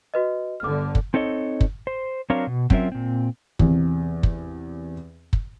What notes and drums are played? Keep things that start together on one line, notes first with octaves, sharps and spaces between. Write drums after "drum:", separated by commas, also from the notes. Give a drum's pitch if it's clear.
F#4 B4 D#5
G1 D3 D6 F6
drum: kick
C4 D#4 A4 C#5 D#5
drum: kick
C5
F#3 C4 D4 A#4 C#5 F5
B2
F#3 C4 C#4 F4 A#4 E5, drum: kick
A#2 C4
E2 C3, drum: kick
drum: kick
drum: kick